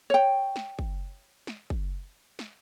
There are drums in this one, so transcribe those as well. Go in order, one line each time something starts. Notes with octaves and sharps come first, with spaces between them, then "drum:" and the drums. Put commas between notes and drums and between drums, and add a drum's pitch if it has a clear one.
C#5 G5
drum: snare
drum: kick
drum: snare
drum: kick
drum: snare